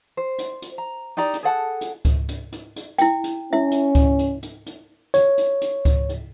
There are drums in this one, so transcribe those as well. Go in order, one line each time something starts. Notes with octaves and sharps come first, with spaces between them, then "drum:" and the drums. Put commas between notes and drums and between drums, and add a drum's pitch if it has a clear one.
C5
drum: hi-hat
drum: hi-hat
A#5
D#4 G4 D5 A#5
drum: hi-hat
G#4 A4 F#5 A5
drum: hi-hat
drum: kick C#2, hi-hat
drum: hi-hat
drum: hi-hat
drum: hi-hat
E4 G5, drum: hi-hat
drum: hi-hat
C#4 E4 E5
drum: hi-hat
drum: kick C#2, hi-hat
drum: hi-hat
drum: hi-hat
drum: hi-hat
C#5, drum: hi-hat
drum: hi-hat
drum: hi-hat
drum: kick C#2, hi-hat
drum: hi-hat